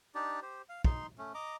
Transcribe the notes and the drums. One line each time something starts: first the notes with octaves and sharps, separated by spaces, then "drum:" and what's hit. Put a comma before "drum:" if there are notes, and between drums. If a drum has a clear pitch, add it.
D4 D#4 G4 D5
G4 C5
F5
D#4 C6, drum: kick
A3 C#4
D#5 A#5 D6